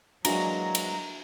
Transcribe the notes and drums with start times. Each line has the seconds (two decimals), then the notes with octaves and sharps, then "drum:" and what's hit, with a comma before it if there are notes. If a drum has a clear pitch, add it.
0.25 E3 F#3 G#3 A#3 D4 F#4 A#5, drum: cymbal
0.75 drum: cymbal